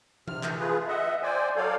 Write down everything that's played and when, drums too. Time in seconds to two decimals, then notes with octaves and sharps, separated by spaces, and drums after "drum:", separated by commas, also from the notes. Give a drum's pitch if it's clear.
0.28 C3 F6, drum: tom E3
0.43 E3 A3, drum: clap
0.59 A3 F4 G#4 B4
0.88 D#5 E5 F#5
1.23 C5 D5 G5 G#5
1.56 F#3 A4 C#5 D5 F5